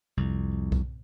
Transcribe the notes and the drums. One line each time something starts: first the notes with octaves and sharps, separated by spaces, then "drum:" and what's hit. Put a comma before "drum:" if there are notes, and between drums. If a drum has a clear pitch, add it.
C2 F2
drum: kick B1